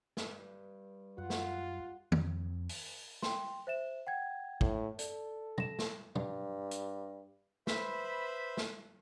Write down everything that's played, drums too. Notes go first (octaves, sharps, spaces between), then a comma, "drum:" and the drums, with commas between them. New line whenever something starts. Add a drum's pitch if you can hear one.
G2, drum: snare
F#2 F4 F#5
drum: snare
F2, drum: tom
drum: open hi-hat
G5 C6, drum: snare
C5 E5 E7
F#5 G5 G#6
A2, drum: kick
A4 D5, drum: hi-hat
A#6 E7, drum: tom
drum: snare
G2, drum: tom
drum: hi-hat
B4 C5 E5 B5, drum: snare
drum: snare